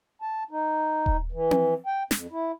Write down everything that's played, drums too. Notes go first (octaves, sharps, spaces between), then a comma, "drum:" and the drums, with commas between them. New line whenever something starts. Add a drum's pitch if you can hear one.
A5
D#4
drum: kick D#1
E3
drum: tom C4
G5
F2, drum: snare
E4